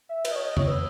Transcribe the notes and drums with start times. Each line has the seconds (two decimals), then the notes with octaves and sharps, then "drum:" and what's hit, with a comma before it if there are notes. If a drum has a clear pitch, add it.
0.09 E5
0.25 B4, drum: cymbal
0.31 D#5
0.36 C#5
0.46 D#5
0.57 C#5 D#6, drum: tom F2
0.67 B4 E6